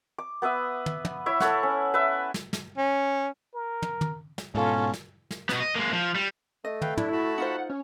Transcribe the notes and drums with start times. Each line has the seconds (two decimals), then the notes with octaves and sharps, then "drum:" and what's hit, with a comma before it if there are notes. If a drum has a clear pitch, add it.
0.18 D6
0.42 B3 B4 E5 D#6
0.86 drum: tom
1.05 drum: tom
1.26 E4 C#5 E5
1.40 A4 C#5 F#5, drum: snare
1.63 C#4
1.94 B4 E5
2.34 drum: snare
2.53 drum: snare
2.78 C#4
3.54 A#4
3.82 drum: tom
4.01 drum: tom
4.38 drum: snare
4.55 G#2 B2 C#4 F4 A4
4.94 drum: snare
5.31 drum: snare
5.49 B2 B3, drum: snare
5.60 D#5
5.76 G#3 A#3
5.93 F3
6.15 G3
6.64 A3 D#5
6.82 B4 F5 G5, drum: tom
6.97 D4 E4, drum: tom
7.12 F#4 A5 B5
7.38 D#4 F4 C5 F#5
7.69 C#4